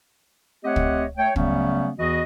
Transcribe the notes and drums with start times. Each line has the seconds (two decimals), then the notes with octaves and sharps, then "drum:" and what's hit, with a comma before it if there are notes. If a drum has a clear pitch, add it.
0.64 A3 C4 G4 C#5 D#5 F#5
0.76 drum: kick
1.18 A3 C#5 G5
1.36 C#3 F#3 G3 A3 B3 C#4, drum: kick
1.99 E2 E3 F#4 D#5